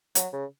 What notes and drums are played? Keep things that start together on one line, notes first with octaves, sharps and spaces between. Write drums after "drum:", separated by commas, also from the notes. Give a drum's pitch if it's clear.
F#3, drum: hi-hat
C#3